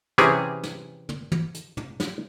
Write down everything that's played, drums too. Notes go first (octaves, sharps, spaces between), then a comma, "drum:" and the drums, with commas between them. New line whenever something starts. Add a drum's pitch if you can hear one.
C3 E3 C#4 G4 G#4, drum: snare
drum: snare
drum: tom
drum: tom
drum: hi-hat
drum: tom
drum: snare